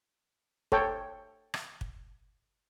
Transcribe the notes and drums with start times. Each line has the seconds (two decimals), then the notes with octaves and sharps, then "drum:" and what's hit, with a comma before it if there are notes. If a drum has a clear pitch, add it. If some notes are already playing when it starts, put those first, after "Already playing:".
0.72 A4 C#5 G5, drum: kick
1.54 drum: rim click
1.81 drum: kick